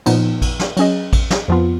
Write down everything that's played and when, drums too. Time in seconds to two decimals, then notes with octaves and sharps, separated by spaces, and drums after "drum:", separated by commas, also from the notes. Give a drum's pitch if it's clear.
0.06 A#2 F3 B3 D#4, drum: cymbal
0.42 drum: kick A1, cymbal
0.60 drum: snare
0.77 F#3 C#4 G#4 D#5, drum: cymbal
1.13 drum: kick A1, cymbal
1.30 drum: snare
1.48 F2 F3 B3 F4